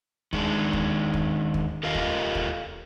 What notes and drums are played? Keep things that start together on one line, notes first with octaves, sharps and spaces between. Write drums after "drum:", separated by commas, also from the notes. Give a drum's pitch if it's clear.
D#3 G#3 D4, drum: kick
drum: kick
drum: kick
drum: kick
F4 G4 A4 A#4 D#5 F5
drum: kick
drum: kick